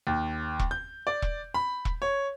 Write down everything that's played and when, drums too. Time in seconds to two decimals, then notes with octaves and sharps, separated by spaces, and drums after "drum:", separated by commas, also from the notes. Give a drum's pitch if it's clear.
0.07 D#2
0.59 drum: kick E1
0.71 G6
1.07 D5
1.22 drum: kick E1
1.54 B5
1.85 drum: kick E1
2.02 C#5